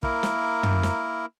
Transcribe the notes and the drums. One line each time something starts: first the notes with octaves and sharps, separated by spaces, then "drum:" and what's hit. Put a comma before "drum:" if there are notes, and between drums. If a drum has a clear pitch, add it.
A#3 E4 A#4, drum: kick
drum: snare
drum: tom
drum: snare